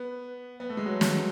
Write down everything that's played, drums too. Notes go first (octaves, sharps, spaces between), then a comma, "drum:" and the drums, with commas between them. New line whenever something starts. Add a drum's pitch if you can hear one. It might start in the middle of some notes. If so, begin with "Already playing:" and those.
Already playing: B3
B3
A3
G#3
F#3
drum: snare